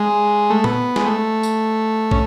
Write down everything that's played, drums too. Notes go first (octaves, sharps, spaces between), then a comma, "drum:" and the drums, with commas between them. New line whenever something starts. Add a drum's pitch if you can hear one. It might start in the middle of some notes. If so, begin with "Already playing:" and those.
Already playing: G#3
A3
B3, drum: tom A#2
G#3, drum: snare
A3
drum: tambourine
C#4, drum: kick